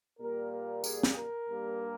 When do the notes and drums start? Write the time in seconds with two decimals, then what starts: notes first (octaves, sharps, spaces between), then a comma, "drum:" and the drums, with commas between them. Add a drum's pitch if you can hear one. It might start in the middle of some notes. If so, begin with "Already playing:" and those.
0.19 A#2 G3 A#3 A#4
0.52 A#4
0.84 G#4, drum: tambourine
1.03 drum: snare
1.15 A#4
1.48 G2 G3 A#3